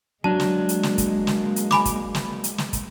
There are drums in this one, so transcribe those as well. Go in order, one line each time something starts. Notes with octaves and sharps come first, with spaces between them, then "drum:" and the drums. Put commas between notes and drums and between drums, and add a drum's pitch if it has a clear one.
F#3 G#3 A#3 D4 A5
drum: snare
drum: hi-hat
drum: snare
drum: kick, hi-hat
drum: snare
drum: hi-hat
G#5 B5 D6, drum: snare
drum: kick, hi-hat
drum: snare
drum: hi-hat
drum: snare
drum: kick, hi-hat